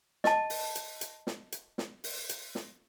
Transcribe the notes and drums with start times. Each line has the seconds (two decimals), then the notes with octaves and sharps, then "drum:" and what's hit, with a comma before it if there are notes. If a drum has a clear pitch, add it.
0.24 D#5 A5, drum: snare
0.50 drum: open hi-hat
0.75 drum: hi-hat
1.01 drum: hi-hat
1.27 drum: snare
1.52 drum: hi-hat
1.78 drum: snare
2.04 drum: open hi-hat
2.29 drum: hi-hat
2.55 drum: snare